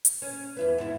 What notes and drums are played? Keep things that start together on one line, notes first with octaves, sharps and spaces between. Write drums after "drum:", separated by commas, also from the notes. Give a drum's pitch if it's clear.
drum: hi-hat
C#4
E2 E4 B4
G#2 B3 E4